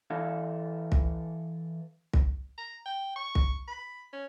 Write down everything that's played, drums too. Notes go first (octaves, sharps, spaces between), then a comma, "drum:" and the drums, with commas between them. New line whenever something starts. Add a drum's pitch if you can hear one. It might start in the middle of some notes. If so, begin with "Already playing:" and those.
E3 A4 F5
drum: kick
drum: kick
A#5
G5
C#6
drum: kick
B5
C#4